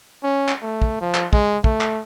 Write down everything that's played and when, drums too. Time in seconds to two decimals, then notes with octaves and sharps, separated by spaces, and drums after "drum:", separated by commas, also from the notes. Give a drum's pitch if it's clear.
0.23 C#4
0.49 drum: clap
0.62 A3
0.82 drum: kick
1.01 F3
1.15 drum: clap
1.33 G#3, drum: kick
1.64 A3, drum: kick
1.81 drum: clap